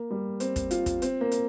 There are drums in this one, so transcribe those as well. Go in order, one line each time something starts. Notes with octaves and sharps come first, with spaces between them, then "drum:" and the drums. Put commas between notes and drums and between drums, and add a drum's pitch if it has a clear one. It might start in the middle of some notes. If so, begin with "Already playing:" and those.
Already playing: A#3
G3
C4, drum: hi-hat
drum: kick, hi-hat
F4, drum: hi-hat
drum: kick, hi-hat
C4, drum: hi-hat
A#3
drum: hi-hat